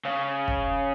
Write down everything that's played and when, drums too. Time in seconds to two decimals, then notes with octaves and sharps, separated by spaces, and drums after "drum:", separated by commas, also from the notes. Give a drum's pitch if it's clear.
0.05 C#3
0.48 drum: kick